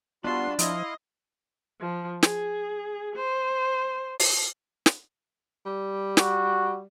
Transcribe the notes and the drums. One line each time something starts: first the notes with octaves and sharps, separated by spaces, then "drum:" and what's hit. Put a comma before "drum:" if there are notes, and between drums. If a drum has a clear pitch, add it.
G3 B3 D4 F4 F#4 A5 C6
F3 E4 D#5 F5 C6, drum: hi-hat
F3
G#4, drum: snare
C5
drum: open hi-hat
drum: snare
G3
F#4, drum: snare